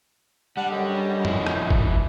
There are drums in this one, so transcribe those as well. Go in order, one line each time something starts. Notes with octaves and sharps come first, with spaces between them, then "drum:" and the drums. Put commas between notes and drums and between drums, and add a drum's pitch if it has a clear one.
G3 D4 F#5
F#2 D3 D#5
F3 E4, drum: tom
drum: rim click
drum: kick